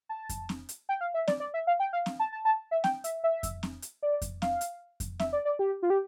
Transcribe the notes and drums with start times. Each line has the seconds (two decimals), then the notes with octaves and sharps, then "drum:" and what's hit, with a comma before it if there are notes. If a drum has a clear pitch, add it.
0.09 A5
0.29 drum: kick F2, hi-hat
0.49 drum: snare
0.69 drum: hi-hat
0.89 G5
1.01 F5
1.14 E5
1.28 D5, drum: snare
1.40 D5
1.54 E5
1.67 F5
1.80 G5
1.93 F5
2.06 drum: snare
2.20 A5
2.32 A5
2.45 A5
2.71 E5
2.84 G5, drum: snare
3.04 E5, drum: hi-hat
3.24 E5
3.43 drum: kick F2, hi-hat
3.63 drum: snare
3.82 drum: hi-hat
4.03 D5
4.22 drum: kick F2, hi-hat
4.42 F5, drum: snare
4.61 drum: hi-hat
5.00 drum: kick F2, hi-hat
5.19 E5, drum: snare
5.33 D5
5.45 D5
5.59 G4
5.82 F4
5.90 G4